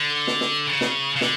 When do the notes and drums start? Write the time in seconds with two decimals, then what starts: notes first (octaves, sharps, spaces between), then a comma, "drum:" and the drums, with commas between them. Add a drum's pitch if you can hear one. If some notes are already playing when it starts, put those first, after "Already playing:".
Already playing: D3
0.27 drum: snare
0.41 drum: snare
0.67 C#3
0.81 drum: snare
1.16 C#3
1.21 D3, drum: snare